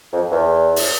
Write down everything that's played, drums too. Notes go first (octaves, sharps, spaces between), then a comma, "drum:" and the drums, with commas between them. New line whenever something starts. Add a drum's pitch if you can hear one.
F2
E2
drum: open hi-hat